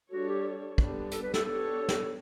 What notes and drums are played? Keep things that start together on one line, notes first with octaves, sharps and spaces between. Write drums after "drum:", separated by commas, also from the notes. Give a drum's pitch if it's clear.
G3 D4 F#4 A4 C#5
G4
D3 G3 B3 D4, drum: kick
A4, drum: hi-hat
B4
A4, drum: snare
B3 D4 G4 A4 C#5
drum: snare